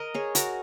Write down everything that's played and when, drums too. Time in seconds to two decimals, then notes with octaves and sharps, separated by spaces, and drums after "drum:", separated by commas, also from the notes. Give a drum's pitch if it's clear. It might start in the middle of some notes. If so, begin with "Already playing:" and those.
Already playing: A#4 D#5
0.14 G#4 C#5
0.35 F#4 A#4, drum: hi-hat